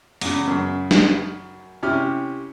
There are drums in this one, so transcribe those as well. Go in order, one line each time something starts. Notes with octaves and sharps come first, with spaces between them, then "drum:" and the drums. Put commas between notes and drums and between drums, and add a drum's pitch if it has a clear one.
E2 C#3, drum: open hi-hat
F#2 C#3
drum: snare
C3 C#4 E4 G4 F6